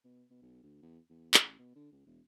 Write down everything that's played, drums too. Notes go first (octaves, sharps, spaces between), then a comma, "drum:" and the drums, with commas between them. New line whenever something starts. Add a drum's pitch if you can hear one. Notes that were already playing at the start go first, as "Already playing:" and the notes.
B2
B2
B1
D2
E2
E2
A1, drum: clap
B2
D3
C#2
E1